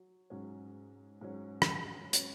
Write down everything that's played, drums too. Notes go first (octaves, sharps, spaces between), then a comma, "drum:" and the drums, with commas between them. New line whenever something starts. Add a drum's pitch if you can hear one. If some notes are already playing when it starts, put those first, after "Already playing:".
Already playing: F#3
G#2 F#3 C#4
G#2 F#3 C#4
drum: rim click
F#3 C#4, drum: hi-hat